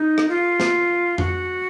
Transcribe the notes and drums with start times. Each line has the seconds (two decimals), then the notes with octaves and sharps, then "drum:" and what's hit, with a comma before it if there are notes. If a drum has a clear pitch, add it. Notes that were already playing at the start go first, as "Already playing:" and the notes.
Already playing: D#4
0.18 drum: rim click
0.29 F4
0.60 drum: snare
1.18 F#4, drum: tom F2